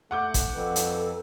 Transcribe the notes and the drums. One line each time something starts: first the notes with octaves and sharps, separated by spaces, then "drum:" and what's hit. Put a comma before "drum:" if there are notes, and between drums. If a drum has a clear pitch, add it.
A3 F#5 D6 G6
drum: kick F#1, hi-hat
F2 A4 B4
drum: hi-hat